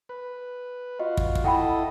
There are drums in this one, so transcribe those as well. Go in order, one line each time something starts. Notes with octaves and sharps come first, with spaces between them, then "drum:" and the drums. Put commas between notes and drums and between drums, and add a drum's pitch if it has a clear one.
B4
F4 F#4 D#5
drum: kick
drum: kick
E4 A4 D#5 F#5 G5 B5